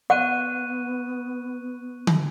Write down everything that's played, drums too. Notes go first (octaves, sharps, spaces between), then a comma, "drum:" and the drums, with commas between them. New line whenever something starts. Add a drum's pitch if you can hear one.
B3 F#5 C#6 F#6 D#7
drum: tom D3